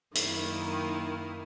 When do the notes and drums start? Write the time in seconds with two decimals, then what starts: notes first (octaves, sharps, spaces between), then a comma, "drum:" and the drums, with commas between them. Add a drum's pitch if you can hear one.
0.15 F#2 D#3 A#3 E4, drum: hi-hat